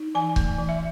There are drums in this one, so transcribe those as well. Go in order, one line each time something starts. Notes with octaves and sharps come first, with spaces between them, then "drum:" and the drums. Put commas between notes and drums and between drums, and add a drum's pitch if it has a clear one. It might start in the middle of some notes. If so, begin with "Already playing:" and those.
Already playing: D#4
E3 G#5
A3, drum: kick C#1
E3
E5